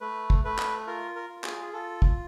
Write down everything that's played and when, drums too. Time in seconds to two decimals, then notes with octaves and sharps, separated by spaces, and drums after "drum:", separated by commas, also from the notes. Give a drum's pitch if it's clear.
0.01 A3 B4
0.30 drum: kick
0.45 A3 B4
0.59 drum: clap
0.87 F4 A#4
1.16 A#4
1.30 F4
1.44 G#4, drum: clap
1.62 G#4
1.73 F4 A4
2.02 drum: kick